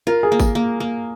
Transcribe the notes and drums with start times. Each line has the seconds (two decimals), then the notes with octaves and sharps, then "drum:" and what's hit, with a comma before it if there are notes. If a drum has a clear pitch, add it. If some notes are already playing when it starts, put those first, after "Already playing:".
0.07 F4 A#4
0.23 G#4
0.32 A#3
0.40 G#4, drum: kick G#1, tambourine
0.55 A#3
0.80 A#3